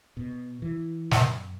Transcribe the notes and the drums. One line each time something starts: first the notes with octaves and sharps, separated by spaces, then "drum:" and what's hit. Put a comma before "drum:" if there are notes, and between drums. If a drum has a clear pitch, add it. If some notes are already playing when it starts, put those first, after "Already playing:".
B2
E3
F#2, drum: snare